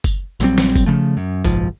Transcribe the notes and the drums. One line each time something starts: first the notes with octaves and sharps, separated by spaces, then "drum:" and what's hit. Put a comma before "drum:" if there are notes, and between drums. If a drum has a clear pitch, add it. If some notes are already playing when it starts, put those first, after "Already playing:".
drum: kick F#1, tambourine
A#1 F#3 G3 C4, drum: tambourine
drum: snare
drum: kick F#1, tambourine
C#3 F3 A3
F#2
F#1 B1 G#2 F3, drum: kick F#1, tambourine